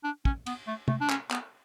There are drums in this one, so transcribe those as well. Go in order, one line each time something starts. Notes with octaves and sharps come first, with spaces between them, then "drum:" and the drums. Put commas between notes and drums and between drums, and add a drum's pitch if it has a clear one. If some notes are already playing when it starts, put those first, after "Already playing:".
D4
C#4, drum: kick
B3, drum: cymbal
A3
A3, drum: tom
D4
C#4, drum: clap
B3, drum: clap